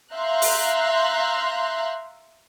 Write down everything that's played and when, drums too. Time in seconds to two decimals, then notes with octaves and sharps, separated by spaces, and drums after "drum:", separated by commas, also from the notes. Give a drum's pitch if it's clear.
0.13 E5 F5 A#5 C6 F#6 G6
0.42 drum: open hi-hat